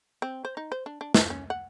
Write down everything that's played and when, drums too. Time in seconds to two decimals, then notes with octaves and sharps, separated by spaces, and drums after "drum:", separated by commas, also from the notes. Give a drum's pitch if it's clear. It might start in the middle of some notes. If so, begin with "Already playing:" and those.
0.22 C4
0.45 C5
0.57 D#4
0.72 C5
0.86 D4
1.01 D4
1.14 F3, drum: snare
1.30 C#4
1.50 F#5